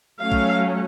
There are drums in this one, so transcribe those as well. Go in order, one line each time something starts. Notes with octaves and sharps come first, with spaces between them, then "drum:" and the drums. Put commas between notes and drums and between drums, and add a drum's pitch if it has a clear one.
F#3 A3 C#4 F5
drum: kick